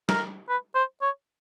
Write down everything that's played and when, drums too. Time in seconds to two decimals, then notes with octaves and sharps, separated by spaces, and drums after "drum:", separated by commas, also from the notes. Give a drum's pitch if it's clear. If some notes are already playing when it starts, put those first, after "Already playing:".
0.09 A#4, drum: snare
0.49 B4
0.75 C5
1.02 C#5